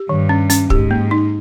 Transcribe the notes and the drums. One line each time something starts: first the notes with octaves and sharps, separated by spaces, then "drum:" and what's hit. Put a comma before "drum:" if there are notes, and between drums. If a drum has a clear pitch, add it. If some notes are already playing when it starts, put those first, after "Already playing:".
Already playing: G4
G2 D#3
C#4
C#4, drum: hi-hat
G#2 G4, drum: kick
A#3
D#4